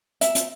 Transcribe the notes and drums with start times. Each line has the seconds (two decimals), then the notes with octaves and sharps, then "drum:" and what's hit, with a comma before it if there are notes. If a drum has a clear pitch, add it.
0.21 E5, drum: hi-hat
0.35 drum: hi-hat